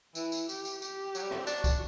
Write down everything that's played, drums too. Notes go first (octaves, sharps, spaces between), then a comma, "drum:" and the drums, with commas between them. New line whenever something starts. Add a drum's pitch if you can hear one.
E3 E4, drum: tambourine
drum: tambourine
G4, drum: tambourine
drum: tambourine
G4, drum: tambourine
F#3, drum: tambourine
G3
A3, drum: rim click
C4
D4 F#4, drum: tambourine
drum: kick, tambourine